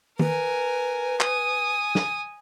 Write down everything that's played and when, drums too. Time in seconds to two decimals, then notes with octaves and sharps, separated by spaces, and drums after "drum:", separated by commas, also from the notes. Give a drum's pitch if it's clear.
0.19 A#4 B4 G#5, drum: tom D#3
1.20 G#5 D#6, drum: clap
1.95 drum: snare